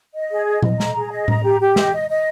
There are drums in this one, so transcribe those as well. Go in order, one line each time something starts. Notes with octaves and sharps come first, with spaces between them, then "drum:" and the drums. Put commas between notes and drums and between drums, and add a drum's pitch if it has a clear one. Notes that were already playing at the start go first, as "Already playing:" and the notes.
D#5
G#4
D#5
D#5, drum: tom A#2
A#5, drum: snare
G#4
D#5
A#5, drum: tom A2
G4
G4
D#5, drum: snare
D#5
D#5